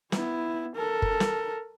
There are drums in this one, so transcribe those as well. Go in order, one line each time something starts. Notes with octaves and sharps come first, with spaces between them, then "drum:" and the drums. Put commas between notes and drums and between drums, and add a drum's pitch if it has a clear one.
B3 E4, drum: snare
A4 A#4
drum: kick
drum: snare